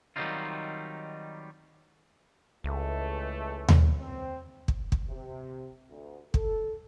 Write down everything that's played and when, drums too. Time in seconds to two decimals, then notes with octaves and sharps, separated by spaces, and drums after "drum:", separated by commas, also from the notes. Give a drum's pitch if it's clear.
0.16 D#3 F#3 G3 C4 D#4 F4
2.64 C#2 E3 G#3 A3
3.68 drum: tom D#2
3.99 C4
4.68 drum: kick
4.92 drum: kick
5.09 C3
5.90 D2
6.34 A4, drum: kick